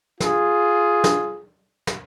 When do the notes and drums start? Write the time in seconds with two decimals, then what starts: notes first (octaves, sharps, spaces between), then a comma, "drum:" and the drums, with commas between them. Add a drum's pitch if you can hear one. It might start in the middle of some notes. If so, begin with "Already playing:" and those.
0.20 F4 G#4, drum: snare
1.04 drum: snare
1.87 drum: snare